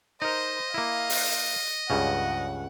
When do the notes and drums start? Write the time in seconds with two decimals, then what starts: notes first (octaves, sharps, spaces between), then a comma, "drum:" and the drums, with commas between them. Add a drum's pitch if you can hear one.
0.22 D#4 A#4 C5 D#5
0.74 A#3 E4 F5
1.10 drum: open hi-hat
1.90 C#2 G2 C#3 F#5